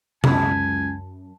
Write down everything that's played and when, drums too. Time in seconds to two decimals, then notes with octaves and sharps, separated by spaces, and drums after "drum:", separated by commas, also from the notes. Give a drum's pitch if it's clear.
0.24 C#2 F#2 G#5 A5 B5, drum: tom C3